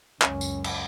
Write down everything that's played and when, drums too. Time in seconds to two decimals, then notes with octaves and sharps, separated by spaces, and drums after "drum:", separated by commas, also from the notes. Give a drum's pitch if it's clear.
0.22 C#2 F#2 C#4, drum: clap
0.41 drum: tambourine
0.64 drum: cymbal